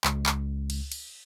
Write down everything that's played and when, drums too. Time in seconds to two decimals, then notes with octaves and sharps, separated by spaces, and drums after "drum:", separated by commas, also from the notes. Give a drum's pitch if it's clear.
0.04 C#2, drum: clap
0.26 drum: clap
0.70 drum: cymbal
0.92 drum: cymbal